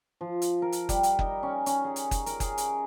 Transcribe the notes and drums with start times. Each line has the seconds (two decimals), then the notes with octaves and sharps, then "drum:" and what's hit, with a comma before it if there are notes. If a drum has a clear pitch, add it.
0.21 F3
0.42 drum: hi-hat
0.62 A#4
0.72 drum: hi-hat
0.89 G3, drum: kick F#1, hi-hat
1.03 drum: hi-hat
1.19 D#4, drum: kick F#1
1.43 C#4
1.66 C#4, drum: hi-hat
1.84 G#4
1.96 drum: hi-hat
2.11 drum: kick F#1, hi-hat
2.26 A#4, drum: hi-hat
2.40 G#4, drum: kick F#1, hi-hat
2.58 drum: hi-hat